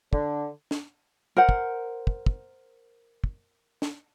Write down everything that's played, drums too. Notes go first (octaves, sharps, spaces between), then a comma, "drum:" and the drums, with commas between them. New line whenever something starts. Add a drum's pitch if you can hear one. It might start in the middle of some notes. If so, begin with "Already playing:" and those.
D3, drum: kick
drum: snare
A#4 C5 F#5
drum: kick
drum: kick
drum: kick
drum: kick
drum: snare